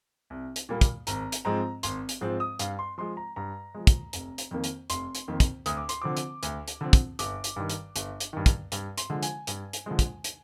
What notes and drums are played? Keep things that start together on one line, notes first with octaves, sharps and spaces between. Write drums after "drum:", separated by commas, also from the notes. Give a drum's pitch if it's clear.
C2
drum: hi-hat
A#2 G3 A#3
drum: kick, hi-hat
G#1 A#5, drum: hi-hat
drum: hi-hat
G#2 F3 G#3 C4 A#5
G#1 C6, drum: hi-hat
drum: hi-hat
G#2 F3 G#3 C4
D#6
G2 F5, drum: hi-hat
C6
F3 G#3 C6
A#5
G2 A#5
F3 G#3
drum: kick, hi-hat
F1, drum: hi-hat
drum: hi-hat
F2 D#3 A#3
drum: hi-hat
F1 C6, drum: hi-hat
drum: hi-hat
F2 D#3 A#3
drum: kick, hi-hat
D2 D#6, drum: hi-hat
D6
C6, drum: hi-hat
D3 F3 C4 D6
drum: hi-hat
D2, drum: hi-hat
drum: hi-hat
D3 F3 C4
drum: kick, hi-hat
G1 D6, drum: hi-hat
drum: hi-hat
G2 D#3
drum: hi-hat
G1, drum: hi-hat
drum: hi-hat
G2 D#3
drum: kick, hi-hat
G2, drum: hi-hat
C6, drum: hi-hat
D3 F3 G#3
G#5, drum: hi-hat
G2, drum: hi-hat
drum: hi-hat
D3 F3 G#3
drum: kick, hi-hat
drum: hi-hat